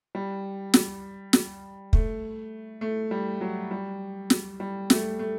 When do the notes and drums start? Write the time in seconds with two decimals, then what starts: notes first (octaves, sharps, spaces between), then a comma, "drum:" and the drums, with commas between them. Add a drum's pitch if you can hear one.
0.15 G3
0.74 drum: snare
1.33 drum: snare
1.93 A3, drum: kick
2.81 A3
3.11 G3
3.41 F#3
3.71 G3
4.30 drum: snare
4.60 G3
4.90 A3, drum: snare
5.19 A3